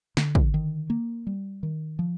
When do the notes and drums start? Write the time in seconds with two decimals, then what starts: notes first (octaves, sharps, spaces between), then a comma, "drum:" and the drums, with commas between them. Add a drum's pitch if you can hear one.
0.17 D3, drum: snare
0.35 drum: kick
0.54 D#3
0.90 A#3
1.27 G3
1.63 D#3
1.99 F3